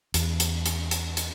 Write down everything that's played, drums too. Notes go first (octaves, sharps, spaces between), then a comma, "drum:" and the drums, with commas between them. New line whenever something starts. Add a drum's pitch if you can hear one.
E2, drum: hi-hat
drum: hi-hat
drum: hi-hat
drum: hi-hat
drum: hi-hat